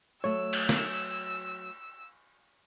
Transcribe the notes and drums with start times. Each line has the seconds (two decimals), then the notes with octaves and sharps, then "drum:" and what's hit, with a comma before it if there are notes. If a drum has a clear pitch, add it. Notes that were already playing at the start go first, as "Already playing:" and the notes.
0.24 F#3 A3 C#5 E6
0.53 drum: cymbal
0.69 drum: snare